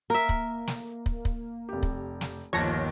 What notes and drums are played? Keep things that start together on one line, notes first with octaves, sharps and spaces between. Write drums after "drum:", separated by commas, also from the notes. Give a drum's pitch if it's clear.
A#3 A#4 E5
drum: kick
drum: snare
drum: kick
drum: kick
F1 G4
drum: kick
drum: snare
G1 D#2 D#3 F3 C#5 A5 G#6 A#6